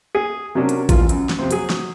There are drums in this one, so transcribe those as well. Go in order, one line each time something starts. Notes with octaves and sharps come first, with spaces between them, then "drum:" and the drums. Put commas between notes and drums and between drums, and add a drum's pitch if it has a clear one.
G#4
C3 F#3 C#4 D4 A#4
drum: hi-hat
A1 E2 F4, drum: kick A1, hi-hat
F#2, drum: hi-hat
drum: snare
F2 C3 C4
F#3 G#4, drum: hi-hat
drum: snare